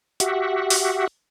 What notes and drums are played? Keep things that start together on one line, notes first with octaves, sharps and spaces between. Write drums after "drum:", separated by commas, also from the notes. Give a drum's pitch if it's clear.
F#4 G4 E5 F#5, drum: hi-hat
drum: open hi-hat